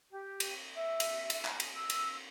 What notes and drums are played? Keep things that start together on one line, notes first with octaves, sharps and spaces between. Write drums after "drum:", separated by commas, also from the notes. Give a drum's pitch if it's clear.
G4
drum: cymbal
E5
drum: cymbal
drum: cymbal
drum: clap
drum: cymbal
E6
drum: cymbal